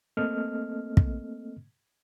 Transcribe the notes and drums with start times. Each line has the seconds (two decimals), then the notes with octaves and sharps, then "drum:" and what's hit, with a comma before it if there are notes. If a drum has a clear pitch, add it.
0.17 A3 A#3 C4 A4 D#5 F6
0.97 drum: kick